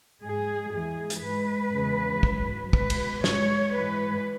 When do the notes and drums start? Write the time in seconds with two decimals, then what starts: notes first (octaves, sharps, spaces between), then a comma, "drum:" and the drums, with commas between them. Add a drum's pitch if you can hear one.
0.23 G#2 G#3 G#4
0.72 E2 E3 G#3 G#4
1.10 drum: hi-hat
1.23 G#2 G#3 B4
1.73 E2 C#3 E3 G#3
2.23 G#2 F#3, drum: kick
2.73 B2 G#3 B4, drum: kick
2.90 drum: cymbal
3.24 G#2 G#3 C#5, drum: snare
3.75 G#2 E3 G#3 B4